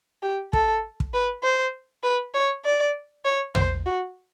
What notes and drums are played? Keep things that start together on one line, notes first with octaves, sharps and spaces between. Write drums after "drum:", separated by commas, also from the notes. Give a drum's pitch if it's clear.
G4
A4, drum: kick
drum: kick
B4
C5
B4
C#5
D5
C#5
C5, drum: tom
F#4